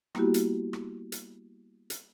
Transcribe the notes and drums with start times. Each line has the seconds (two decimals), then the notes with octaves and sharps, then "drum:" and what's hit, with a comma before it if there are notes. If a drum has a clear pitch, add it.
0.15 G3 A#3 B3 E4 F#4 G4, drum: rim click
0.34 drum: hi-hat
0.73 drum: rim click
1.12 drum: hi-hat
1.90 drum: hi-hat